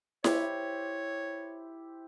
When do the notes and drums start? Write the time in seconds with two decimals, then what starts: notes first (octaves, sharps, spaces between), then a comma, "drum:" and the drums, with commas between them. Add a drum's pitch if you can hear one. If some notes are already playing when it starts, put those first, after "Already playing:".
0.24 E4 G4 C5 C#5, drum: snare E4